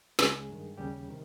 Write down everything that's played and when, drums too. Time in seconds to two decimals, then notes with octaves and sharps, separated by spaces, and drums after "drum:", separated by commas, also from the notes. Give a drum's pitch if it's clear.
0.19 C#2 C#3 G#3 G#4, drum: snare
0.49 G2 D#3
0.78 D#2 C#3 G3 G4
1.08 C3 D#3